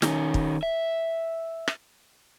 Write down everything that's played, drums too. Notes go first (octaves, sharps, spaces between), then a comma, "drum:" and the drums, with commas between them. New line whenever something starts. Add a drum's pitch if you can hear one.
D#3 C#4, drum: snare
drum: kick
E5
drum: rim click